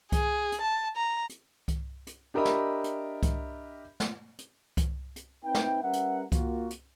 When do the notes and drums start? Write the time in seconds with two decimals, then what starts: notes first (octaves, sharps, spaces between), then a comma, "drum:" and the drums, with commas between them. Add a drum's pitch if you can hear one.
0.12 G#4, drum: kick C2, hi-hat
0.52 drum: hi-hat
0.61 A5
0.97 A#5
1.29 drum: hi-hat
1.68 drum: kick C2, hi-hat
2.07 drum: hi-hat
2.34 D4 G4 A#4 D#5 E5 B5
2.45 drum: snare
2.84 drum: hi-hat
3.23 drum: kick C2, hi-hat
4.00 drum: snare
4.39 drum: hi-hat
4.77 drum: kick C2, hi-hat
5.16 drum: hi-hat
5.44 C4 D#4 B4 E5 G5
5.55 drum: snare
5.82 G3 C#4 A#4 B4 E5 F#5
5.93 drum: hi-hat
6.32 A#3 F4 F#4, drum: kick C2, hi-hat
6.70 drum: hi-hat